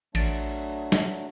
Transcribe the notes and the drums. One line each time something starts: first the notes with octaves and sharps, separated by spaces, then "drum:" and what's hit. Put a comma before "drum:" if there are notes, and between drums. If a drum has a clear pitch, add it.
A1 F#3 A3 D4 A6 D7, drum: cymbal
drum: snare